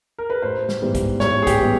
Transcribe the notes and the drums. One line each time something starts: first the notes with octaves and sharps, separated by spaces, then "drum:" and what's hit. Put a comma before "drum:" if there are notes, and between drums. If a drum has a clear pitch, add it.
A#4
B4
A1 C5
drum: snare
G#2 E3 G3 B3
drum: kick, hi-hat
A1 C#5, drum: snare
G#4
G4, drum: kick, hi-hat
E3 G3 B3